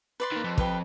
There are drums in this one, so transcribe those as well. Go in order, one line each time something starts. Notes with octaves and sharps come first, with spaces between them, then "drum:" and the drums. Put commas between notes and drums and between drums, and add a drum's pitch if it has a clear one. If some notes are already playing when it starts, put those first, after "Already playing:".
B4 D5 C6
D#3 A#3
F2
G4 B4 F5, drum: kick